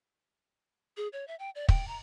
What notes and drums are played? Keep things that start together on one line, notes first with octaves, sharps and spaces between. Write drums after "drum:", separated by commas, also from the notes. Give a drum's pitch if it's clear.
G#4
C#5
E5
G5
D5
G5, drum: kick
A#5